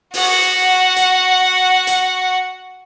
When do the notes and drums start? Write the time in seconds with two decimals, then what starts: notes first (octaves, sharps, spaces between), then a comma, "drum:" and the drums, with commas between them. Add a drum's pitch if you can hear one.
0.14 F#4 F#5, drum: open hi-hat
0.96 drum: hi-hat
1.87 drum: hi-hat